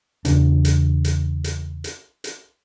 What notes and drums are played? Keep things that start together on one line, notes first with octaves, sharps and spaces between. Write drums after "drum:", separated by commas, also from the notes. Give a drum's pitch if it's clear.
E2 C#3 D4, drum: hi-hat
drum: hi-hat
drum: hi-hat
drum: hi-hat
drum: hi-hat
drum: hi-hat